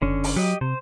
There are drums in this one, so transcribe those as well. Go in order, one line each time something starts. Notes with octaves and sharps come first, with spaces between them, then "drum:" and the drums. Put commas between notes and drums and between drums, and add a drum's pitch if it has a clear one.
F#1 D3 C#4
drum: open hi-hat
F#3 G4 D#5
C3 C5